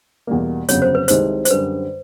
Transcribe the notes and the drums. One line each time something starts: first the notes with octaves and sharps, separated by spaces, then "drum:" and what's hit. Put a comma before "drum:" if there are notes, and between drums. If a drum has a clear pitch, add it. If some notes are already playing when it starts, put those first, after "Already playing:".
E2 B2 G3 A#3
G1 F2 C#3 F#3 C#5, drum: hi-hat
C5
B4
C2 C3 D#3 G#3 C5, drum: hi-hat
C5, drum: hi-hat
F#2 D3 G3 B4